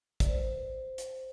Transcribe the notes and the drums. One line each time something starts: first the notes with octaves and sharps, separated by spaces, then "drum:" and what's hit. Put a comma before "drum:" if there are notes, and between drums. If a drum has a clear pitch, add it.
D5, drum: kick, hi-hat
C5
B4
C5
drum: hi-hat